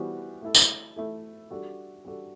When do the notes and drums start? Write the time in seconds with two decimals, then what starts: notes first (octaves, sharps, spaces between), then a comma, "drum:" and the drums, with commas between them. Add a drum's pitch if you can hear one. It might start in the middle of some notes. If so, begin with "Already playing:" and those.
Already playing: E3 G3 B3 F#4 C5
0.42 A3 E4 A4
0.55 drum: tambourine
0.96 A3 E4 A4
1.50 G3 D4 F#4 A4
2.05 G3 D4 F#4 A4